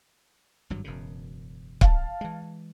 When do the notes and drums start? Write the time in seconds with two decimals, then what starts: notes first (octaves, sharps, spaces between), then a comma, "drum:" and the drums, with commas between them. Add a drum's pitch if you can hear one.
0.70 G#1 G2 F#3
0.84 E1 F#2 C#3
1.81 F5 A5, drum: kick C#1
2.21 E3 G#3